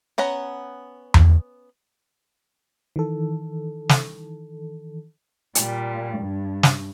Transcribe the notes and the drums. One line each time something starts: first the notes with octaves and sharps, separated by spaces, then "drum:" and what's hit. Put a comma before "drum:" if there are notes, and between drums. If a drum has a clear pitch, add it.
B3 C#4 F#5 A#5
drum: tom E2
D#3 E3 A4
drum: snare
A#2 G3, drum: hi-hat
G2
drum: snare